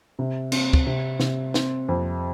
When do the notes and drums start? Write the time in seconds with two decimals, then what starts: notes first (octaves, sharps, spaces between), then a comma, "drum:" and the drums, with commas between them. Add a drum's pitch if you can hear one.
0.19 C3
0.52 C4, drum: cymbal
0.73 drum: kick
0.87 C3
1.20 C3, drum: snare
1.54 C4, drum: snare
1.88 F2